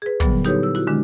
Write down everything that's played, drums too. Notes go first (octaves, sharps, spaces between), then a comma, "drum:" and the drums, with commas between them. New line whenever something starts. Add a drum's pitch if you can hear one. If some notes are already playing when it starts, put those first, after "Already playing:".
G#4 B4
A#2 D3 F#3 G3 B3, drum: kick, hi-hat
D#4 E4 G4 A4 B4 C#5, drum: hi-hat
E6
E4 F#4, drum: open hi-hat
D3 D#3 G#3 D4